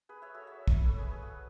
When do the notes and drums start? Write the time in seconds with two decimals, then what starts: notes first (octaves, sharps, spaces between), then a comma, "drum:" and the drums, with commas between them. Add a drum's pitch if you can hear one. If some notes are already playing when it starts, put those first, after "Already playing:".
0.09 G#4 B4
0.22 C#5 E5
0.34 F#4 A4
0.47 C#5 E5
0.68 drum: kick
0.85 A4 C#5
0.98 G#4 B4
1.10 G#4 B4
1.23 F#4 A4